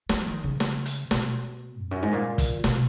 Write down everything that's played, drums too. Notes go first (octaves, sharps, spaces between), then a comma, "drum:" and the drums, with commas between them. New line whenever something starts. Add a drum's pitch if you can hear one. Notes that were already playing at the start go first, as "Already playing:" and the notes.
F3, drum: snare
D#3
C#3
drum: snare
drum: hi-hat
B2, drum: snare
F2
F#2
G#2
A#2
drum: kick, hi-hat
B2, drum: snare